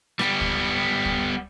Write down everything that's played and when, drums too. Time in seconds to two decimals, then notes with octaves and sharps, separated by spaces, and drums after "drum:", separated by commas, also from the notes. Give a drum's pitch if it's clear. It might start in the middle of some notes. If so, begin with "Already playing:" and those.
0.19 G3 B3, drum: rim click
0.41 drum: kick
1.05 drum: kick